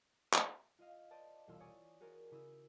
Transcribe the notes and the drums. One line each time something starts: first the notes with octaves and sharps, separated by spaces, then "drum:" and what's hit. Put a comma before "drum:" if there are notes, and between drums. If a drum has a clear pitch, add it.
drum: clap
F4 D#5 F5
C5 D5 D#5 A5
E1 C2 F4 E6
C#5 D5 G#5 D#6
F#4 G#4 A#4 C5 D5
C#3 E4 D#6 E6